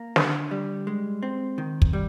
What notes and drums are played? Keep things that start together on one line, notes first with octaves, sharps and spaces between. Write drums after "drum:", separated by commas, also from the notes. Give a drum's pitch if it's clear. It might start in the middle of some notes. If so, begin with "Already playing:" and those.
Already playing: A#3
D3, drum: snare
G3
G#3
C4
D#3
drum: kick
G3